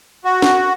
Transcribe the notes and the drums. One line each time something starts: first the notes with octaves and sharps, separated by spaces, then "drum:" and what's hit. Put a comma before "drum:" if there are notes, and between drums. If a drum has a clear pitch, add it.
F#4
drum: snare